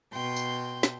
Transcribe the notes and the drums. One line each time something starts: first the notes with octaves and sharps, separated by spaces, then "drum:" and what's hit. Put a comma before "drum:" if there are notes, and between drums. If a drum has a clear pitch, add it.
B2 G5 C6
drum: tambourine
drum: snare